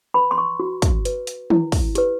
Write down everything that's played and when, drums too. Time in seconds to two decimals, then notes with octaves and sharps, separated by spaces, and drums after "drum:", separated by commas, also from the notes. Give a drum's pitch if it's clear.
0.14 B4 B5
0.31 C6
0.38 C#6
0.60 F#4
0.82 drum: kick, hi-hat
1.05 B4, drum: hi-hat
1.27 drum: hi-hat
1.50 E4, drum: tom D#3
1.72 drum: kick, open hi-hat
1.95 G4 B4, drum: hi-hat